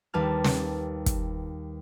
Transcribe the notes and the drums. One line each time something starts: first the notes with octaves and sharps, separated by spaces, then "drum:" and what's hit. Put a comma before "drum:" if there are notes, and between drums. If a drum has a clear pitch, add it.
D#2 G3 B4 A5 F6
drum: snare
drum: kick, hi-hat